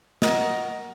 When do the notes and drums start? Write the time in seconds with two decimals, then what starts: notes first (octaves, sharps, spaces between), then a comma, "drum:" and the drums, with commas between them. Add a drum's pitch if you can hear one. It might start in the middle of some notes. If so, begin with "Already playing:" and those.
0.22 F#4 A#4 D#5, drum: snare